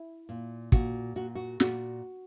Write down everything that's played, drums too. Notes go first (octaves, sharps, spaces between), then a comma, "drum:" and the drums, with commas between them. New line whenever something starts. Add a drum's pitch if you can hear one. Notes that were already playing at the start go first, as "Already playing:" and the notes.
Already playing: E4
A#2
A#2 F#4, drum: kick
A#2 F#4
F#4
A#2 F#4, drum: snare